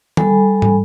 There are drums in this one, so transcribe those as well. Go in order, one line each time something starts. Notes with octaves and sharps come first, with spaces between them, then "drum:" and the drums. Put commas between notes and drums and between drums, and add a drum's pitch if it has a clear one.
G3 A4 G#5 B5, drum: tom D#3
drum: tom